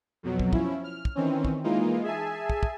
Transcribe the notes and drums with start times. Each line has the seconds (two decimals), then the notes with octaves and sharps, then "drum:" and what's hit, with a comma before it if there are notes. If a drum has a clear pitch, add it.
0.23 F2 B2 F#3
0.40 drum: kick
0.53 F3 C#4 E4, drum: kick
0.84 F6
1.05 drum: kick
1.15 D#3 E3 C4 C#4
1.45 drum: kick
1.64 E3 G#3 A#3 D#4 F4
2.03 G#4 E5 G#5 A5
2.50 drum: kick
2.63 drum: kick